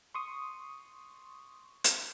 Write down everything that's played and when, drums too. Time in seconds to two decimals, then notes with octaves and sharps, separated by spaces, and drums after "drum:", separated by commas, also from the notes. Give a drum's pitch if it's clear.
0.15 C6 C#6 D#6
1.84 drum: hi-hat